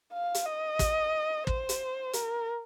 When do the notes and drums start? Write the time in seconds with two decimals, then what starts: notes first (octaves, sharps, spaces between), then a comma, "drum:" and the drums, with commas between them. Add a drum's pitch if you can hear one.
0.13 F5
0.35 drum: hi-hat
0.46 D#5
0.79 drum: kick, hi-hat
1.47 C5, drum: kick
1.69 drum: hi-hat
2.13 A#4, drum: hi-hat